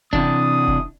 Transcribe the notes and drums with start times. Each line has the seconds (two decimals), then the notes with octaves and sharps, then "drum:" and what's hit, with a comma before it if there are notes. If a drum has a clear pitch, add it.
0.13 C3 E3 D4 D#6, drum: kick F1
0.68 drum: kick F1